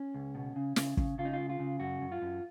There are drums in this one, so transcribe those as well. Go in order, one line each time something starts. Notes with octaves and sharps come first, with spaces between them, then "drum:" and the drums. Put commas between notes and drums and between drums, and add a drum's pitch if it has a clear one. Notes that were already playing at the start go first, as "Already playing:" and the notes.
Already playing: C#4
C#2
B2
C#3
C#3, drum: snare
C#3, drum: kick
C#3 F4
D#4
F4
C#2
F4
C#3
F#2 F#4
F#2
F4
F#2